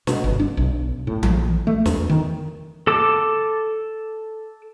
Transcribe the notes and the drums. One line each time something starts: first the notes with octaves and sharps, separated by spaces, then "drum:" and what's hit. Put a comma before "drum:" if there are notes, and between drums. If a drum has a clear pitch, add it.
B2, drum: snare
G1
D4
B1
A2
A#1, drum: tom E3
A3
E2, drum: snare
D#3
A4 A5 D6 E6